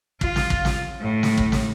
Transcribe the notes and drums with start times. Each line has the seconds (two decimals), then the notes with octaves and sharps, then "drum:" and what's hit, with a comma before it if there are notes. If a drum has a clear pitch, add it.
0.21 F4, drum: kick
0.36 drum: snare
0.50 drum: kick
0.65 drum: snare
1.00 A2
1.23 drum: snare
1.38 drum: kick
1.52 drum: snare